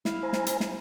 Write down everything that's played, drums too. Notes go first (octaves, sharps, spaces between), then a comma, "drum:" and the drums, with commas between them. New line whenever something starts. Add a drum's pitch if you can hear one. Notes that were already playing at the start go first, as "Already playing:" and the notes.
E4 F5, drum: snare
C5 G#5 A#5
drum: snare
drum: hi-hat
drum: snare